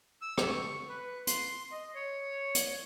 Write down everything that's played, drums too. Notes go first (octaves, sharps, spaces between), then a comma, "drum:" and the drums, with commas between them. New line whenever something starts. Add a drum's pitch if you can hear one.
E6
drum: rim click
C#6
B4
C6, drum: hi-hat
D#5
C#5
drum: hi-hat